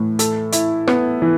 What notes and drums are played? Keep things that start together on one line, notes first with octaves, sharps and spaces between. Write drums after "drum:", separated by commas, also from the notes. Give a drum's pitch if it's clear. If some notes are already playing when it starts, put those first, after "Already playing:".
Already playing: A2 E3
A4, drum: hi-hat
E4, drum: hi-hat
B3, drum: rim click
E3